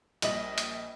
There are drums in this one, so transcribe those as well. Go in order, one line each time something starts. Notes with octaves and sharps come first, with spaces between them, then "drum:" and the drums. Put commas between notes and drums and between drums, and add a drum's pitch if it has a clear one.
A#1 G3 D#5 F#7, drum: hi-hat
drum: hi-hat